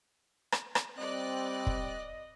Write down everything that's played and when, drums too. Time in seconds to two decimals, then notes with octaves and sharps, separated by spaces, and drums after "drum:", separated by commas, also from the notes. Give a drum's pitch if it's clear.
0.52 drum: rim click
0.75 drum: rim click
0.98 G3 C4 D5 D#5 F#6
1.67 drum: kick